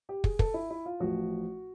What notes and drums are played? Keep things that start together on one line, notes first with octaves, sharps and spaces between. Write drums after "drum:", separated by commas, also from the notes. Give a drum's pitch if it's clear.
G4
G#4, drum: kick
A4, drum: kick
E4
E4
F4
A1 A2 F3 F#4